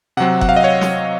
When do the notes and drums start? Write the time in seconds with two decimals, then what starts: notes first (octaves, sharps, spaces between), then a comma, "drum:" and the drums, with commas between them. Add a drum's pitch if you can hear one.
0.17 C3 F#3 C4 F#5
0.41 F#5, drum: kick F#1
0.49 F5
0.56 D#5
0.64 C#5
0.81 drum: snare